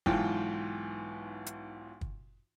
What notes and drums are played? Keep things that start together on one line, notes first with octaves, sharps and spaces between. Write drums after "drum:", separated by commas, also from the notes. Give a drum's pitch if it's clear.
B1 G#2 E3 F4 G5, drum: kick
drum: hi-hat
drum: kick